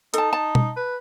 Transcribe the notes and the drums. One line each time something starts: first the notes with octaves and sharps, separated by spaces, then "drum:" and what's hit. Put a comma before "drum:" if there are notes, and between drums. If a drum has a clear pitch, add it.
D#4 A4 A5, drum: hi-hat
A5
drum: tom B2
B4